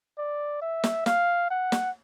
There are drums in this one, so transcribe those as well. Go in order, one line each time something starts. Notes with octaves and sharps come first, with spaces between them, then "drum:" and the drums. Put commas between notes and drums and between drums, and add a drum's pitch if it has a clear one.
D5
E5
drum: snare
F5, drum: snare
F#5
drum: snare